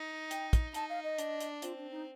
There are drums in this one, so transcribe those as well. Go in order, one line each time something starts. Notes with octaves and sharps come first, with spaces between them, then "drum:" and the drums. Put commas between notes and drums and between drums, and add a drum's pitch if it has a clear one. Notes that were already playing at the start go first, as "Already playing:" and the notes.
Already playing: D#4
G5, drum: hi-hat
drum: kick, hi-hat
D#4 A5, drum: hi-hat
F5
D#5
D4, drum: hi-hat
drum: hi-hat
C4 F4, drum: hi-hat
D4
D#4